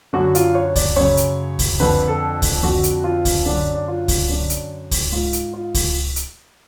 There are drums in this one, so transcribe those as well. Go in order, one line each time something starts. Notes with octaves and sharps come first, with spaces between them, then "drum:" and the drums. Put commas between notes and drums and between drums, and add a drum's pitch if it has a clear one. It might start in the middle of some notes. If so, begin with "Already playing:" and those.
F#2 D3 F#4
F4, drum: hi-hat
C#5
D5, drum: kick C#2, open hi-hat
F#2 C#3 C#5
drum: hi-hat
drum: kick C#2, open hi-hat
F2 D3 B4
A4
drum: kick C#2, open hi-hat
F2 D3 F#4
drum: hi-hat
F4
drum: kick C#2, open hi-hat
F#2 D3 D4
D4
F4
drum: kick C#2, open hi-hat
F#2 D3 D4
drum: hi-hat
drum: kick C#2, open hi-hat
G#2 F4
drum: hi-hat
F4
drum: kick C#2, open hi-hat
drum: hi-hat